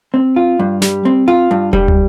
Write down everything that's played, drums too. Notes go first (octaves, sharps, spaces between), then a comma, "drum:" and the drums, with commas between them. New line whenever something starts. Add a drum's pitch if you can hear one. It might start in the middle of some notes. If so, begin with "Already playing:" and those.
C4
F4
G2
G3, drum: snare
C4
F4
G2
G3, drum: kick E1
drum: tom